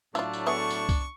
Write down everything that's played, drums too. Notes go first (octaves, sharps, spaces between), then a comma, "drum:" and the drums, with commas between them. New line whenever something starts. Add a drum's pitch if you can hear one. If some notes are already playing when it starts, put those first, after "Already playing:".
A2 F#3 A3 D4 E4 F4, drum: tambourine
drum: tambourine
B3 G#4 E5 C#6
drum: tambourine
drum: kick C2, tambourine